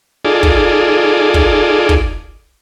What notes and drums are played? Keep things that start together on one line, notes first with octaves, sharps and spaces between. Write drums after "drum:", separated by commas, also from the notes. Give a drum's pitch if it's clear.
D#4 F4 G#4 A4 D5
drum: kick
drum: kick
drum: kick